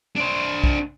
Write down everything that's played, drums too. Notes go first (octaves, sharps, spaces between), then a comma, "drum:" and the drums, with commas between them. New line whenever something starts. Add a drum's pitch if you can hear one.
D4 C5
drum: kick B1